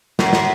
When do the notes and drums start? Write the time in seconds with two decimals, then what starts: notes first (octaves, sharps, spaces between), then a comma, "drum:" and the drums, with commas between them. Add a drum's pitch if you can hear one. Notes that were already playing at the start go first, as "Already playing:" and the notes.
0.19 F#2, drum: snare
0.33 drum: snare